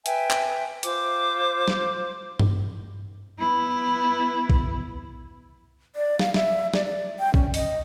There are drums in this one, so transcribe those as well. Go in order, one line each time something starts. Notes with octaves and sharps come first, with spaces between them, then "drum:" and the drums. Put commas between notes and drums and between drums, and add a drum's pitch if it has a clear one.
B4 E5 G5 G#5, drum: hi-hat
drum: clap
F4 C5 D6, drum: hi-hat
drum: snare
drum: tom G2
B3 E4
drum: kick A#1
D5
F5, drum: snare
E5, drum: snare
D5, drum: snare
D5
G5
C#4, drum: kick A#1
D#5, drum: open hi-hat